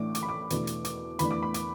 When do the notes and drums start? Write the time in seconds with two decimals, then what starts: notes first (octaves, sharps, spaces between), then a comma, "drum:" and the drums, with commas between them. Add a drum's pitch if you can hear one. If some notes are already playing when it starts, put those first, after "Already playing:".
Already playing: A1 A2 A3 D4 D6
0.15 D6, drum: hi-hat
0.23 B5
0.29 D6
0.50 E2 B2 A3 D4, drum: hi-hat
0.67 drum: hi-hat
0.85 D6, drum: hi-hat
1.19 E2 E3 A3 D4 B5, drum: hi-hat
1.31 D6
1.42 B5
1.54 D6, drum: hi-hat